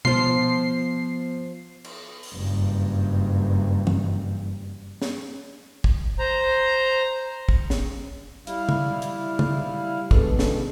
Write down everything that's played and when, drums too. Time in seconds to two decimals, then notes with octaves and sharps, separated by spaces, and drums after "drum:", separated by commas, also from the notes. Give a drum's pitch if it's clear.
0.05 F3 B3 F4 C7, drum: tom B2
1.84 drum: cymbal
2.23 drum: open hi-hat
2.33 F#1 G2
3.87 drum: tom E3
5.02 drum: snare
5.84 drum: kick
6.19 C5 A#5
7.49 drum: kick
7.70 drum: snare
8.47 G3 E4 F5, drum: hi-hat
8.69 drum: tom C#3
9.02 drum: hi-hat
9.39 drum: tom C#3
10.11 B2 D3 G#3 A4, drum: kick
10.39 drum: snare